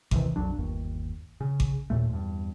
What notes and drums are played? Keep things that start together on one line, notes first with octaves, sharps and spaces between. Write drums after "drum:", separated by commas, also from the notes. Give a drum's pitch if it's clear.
D#2 C3 D#3 E3, drum: kick G#1
B1 F2 F#3 D4
G1 D#2
C#3
drum: kick G#1
D#2 A#2 A3
E2 G2